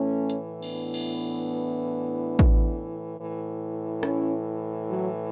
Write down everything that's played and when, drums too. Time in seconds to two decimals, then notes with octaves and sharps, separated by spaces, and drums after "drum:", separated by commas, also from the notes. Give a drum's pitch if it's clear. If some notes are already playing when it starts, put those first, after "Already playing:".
Already playing: A2 E3 A3 C#4
0.30 drum: hi-hat
0.62 B3 D4, drum: cymbal
0.94 drum: cymbal
2.39 drum: kick A1
3.19 A2 E3
4.03 C#4 E4, drum: rim click
4.88 F#3